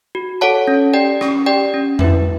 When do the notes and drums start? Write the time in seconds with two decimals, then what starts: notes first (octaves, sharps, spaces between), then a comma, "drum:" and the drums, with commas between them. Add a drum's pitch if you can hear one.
0.15 F#4
0.41 A4 C#5 F#5 A5
0.67 C#4
0.94 G4 D5 G5
1.21 C#4, drum: rim click
1.46 G4 D5 G5
1.74 C#4
1.99 E4 B4 E5, drum: tom F2